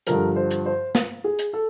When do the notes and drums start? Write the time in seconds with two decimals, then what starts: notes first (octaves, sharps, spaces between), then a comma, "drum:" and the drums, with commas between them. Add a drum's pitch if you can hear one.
0.07 G2 D3 F3 A#4, drum: hi-hat
0.36 C5
0.51 drum: hi-hat
0.66 C5
0.95 drum: snare
1.24 G#4
1.39 drum: hi-hat
1.53 A4